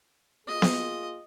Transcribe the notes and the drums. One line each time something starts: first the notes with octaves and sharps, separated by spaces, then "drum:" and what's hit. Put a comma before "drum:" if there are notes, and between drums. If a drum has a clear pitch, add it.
A#3 F4 G#4 D#5
drum: snare B3